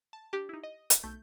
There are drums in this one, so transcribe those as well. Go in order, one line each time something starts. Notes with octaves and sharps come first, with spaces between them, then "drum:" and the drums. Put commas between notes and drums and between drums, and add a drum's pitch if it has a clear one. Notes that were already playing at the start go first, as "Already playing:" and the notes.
A5
D4 G4
D#4 E4
D#5
drum: hi-hat
B1 A3 G6